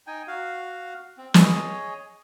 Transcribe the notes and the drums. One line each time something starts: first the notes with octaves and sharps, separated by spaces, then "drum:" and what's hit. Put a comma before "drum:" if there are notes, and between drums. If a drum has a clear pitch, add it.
D#4 G5 G#5
F#4 F5
C4
G#4 C#5 D#5, drum: snare